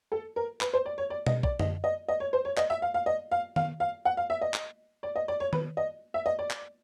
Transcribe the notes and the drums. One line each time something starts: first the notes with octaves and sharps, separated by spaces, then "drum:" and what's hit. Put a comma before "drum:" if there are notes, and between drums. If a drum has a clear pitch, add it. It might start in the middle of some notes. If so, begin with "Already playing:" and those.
A4
A#4
B4, drum: clap
C5
D5
C#5
D5
D#5, drum: tom B2
D5, drum: kick
D#5, drum: tom F#2
D#5
D#5
C#5
C5
C#5
D#5, drum: clap
E5
F5
F5
D#5
F5
F5, drum: tom D#3
F5
F#5
F5
E5
D#5
drum: clap
D5
D#5
D5
C#5
B4, drum: tom D#3
D#5
E5
D#5
D5
drum: clap